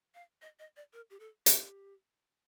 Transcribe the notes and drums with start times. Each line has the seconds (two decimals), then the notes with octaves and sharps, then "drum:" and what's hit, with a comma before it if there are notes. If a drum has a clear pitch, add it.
0.14 F5
0.42 D#5
0.59 D#5
0.76 D5
0.93 A#4
1.10 G4
1.20 A4
1.46 G4, drum: hi-hat